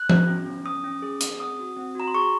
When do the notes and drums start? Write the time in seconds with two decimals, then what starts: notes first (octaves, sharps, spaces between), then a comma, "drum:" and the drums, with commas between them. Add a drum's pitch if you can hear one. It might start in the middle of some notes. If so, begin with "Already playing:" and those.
Already playing: F#6
0.09 F#4, drum: tom F3
0.28 C#4
0.46 C#4
0.65 C#4 D#6
0.84 C#4
1.02 G#4
1.21 G#4, drum: hi-hat
1.39 C4 D#6
1.59 F#4
1.77 C4
1.95 F#4 A#5
2.07 C6
2.14 G#4 C#6